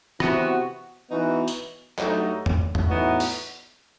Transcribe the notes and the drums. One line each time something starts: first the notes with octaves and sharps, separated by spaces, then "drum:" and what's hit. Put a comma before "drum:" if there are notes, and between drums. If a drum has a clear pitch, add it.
C3 E3 B3 F#4, drum: rim click
E3 B3 D#4 F#4
drum: tambourine
G2 F#3 A3 D#4 F#4, drum: clap
drum: tom E2
drum: tom E2
A2 E3 B3 D#4 F#4
drum: open hi-hat